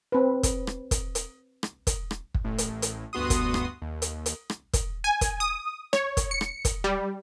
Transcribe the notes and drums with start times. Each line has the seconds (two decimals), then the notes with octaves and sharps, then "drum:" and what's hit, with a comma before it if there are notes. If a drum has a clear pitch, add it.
0.12 C4 B4
0.43 drum: kick, hi-hat
0.67 drum: rim click
0.91 drum: kick, hi-hat
1.15 drum: hi-hat
1.63 drum: rim click
1.87 drum: kick, hi-hat
2.11 drum: rim click
2.34 drum: kick
2.44 A1 A2
2.58 drum: hi-hat
2.82 drum: hi-hat
3.13 D2 G2 B3 F#4 C6 D#6
3.30 drum: kick, hi-hat
3.54 drum: rim click
3.82 D#2
4.02 drum: hi-hat
4.26 drum: hi-hat
4.50 drum: rim click
4.73 drum: kick, hi-hat
5.04 G#5
5.21 drum: kick, hi-hat
5.40 D#6
5.93 C#5, drum: rim click
6.17 drum: kick, hi-hat
6.31 C#7
6.41 drum: rim click
6.65 drum: kick, hi-hat
6.84 G3